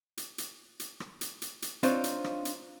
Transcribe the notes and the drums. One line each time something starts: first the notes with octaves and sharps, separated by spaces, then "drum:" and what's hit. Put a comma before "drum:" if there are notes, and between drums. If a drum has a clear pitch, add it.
drum: hi-hat
drum: hi-hat
drum: hi-hat
drum: rim click
drum: hi-hat
drum: hi-hat
drum: hi-hat
C4 D4 D#4 F4 C5 C#5, drum: hi-hat
drum: hi-hat
drum: rim click
drum: hi-hat